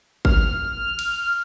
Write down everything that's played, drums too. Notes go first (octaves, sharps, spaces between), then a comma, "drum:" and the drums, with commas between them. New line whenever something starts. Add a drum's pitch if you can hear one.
F6, drum: kick G#1
drum: cymbal